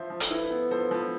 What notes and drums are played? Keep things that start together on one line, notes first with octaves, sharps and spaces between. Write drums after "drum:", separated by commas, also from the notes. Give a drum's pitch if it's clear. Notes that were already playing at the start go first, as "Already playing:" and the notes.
Already playing: F3 C5 E5
F3
A4, drum: hi-hat
E4 B4
B3
F3 A4 C5
F3 B4